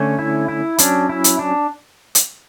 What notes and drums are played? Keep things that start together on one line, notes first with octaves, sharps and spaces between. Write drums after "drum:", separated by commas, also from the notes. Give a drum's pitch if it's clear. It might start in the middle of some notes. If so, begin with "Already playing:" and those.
Already playing: D3 A3 C#4
E4
E4
F#3 C#4 D4, drum: hi-hat
E4
drum: hi-hat
D4
drum: hi-hat